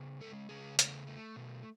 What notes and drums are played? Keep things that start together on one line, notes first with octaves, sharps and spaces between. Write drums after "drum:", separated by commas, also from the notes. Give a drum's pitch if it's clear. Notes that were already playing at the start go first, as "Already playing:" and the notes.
Already playing: C#3 B3
G#3 A4
C#3 G#4
A3, drum: hi-hat
A3
B2